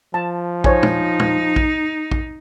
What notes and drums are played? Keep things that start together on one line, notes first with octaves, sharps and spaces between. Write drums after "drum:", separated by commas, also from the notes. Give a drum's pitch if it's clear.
F3 A5
D#4 C5 C#5 G#5, drum: kick
drum: tom
drum: tom
drum: kick
drum: kick